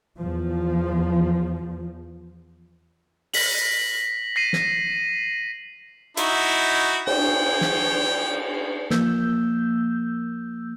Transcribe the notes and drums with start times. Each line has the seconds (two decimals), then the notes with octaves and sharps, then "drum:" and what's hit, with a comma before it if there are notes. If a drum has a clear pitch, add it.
0.19 E2 F3
3.34 A#6 B6 F#7, drum: open hi-hat
4.36 A#6 C7 D#7
4.53 drum: snare
6.17 D#4 E4 F#4, drum: hi-hat
7.07 G5, drum: cymbal
7.61 drum: snare
8.90 F3 A#3 E6 G6, drum: snare